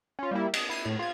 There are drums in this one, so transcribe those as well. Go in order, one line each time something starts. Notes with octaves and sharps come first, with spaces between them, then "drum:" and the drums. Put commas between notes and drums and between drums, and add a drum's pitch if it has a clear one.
C#4 F4
G3 A#3 E4
D#5, drum: cymbal
E4 C7 D#7
A2
F4 G#6